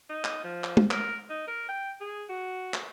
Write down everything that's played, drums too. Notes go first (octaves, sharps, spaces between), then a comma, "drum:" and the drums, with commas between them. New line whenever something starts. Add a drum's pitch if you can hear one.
D#4
drum: clap
F3
drum: clap
drum: tom
A#4, drum: clap
D#4
A#4
G5
G#4
F#4
drum: clap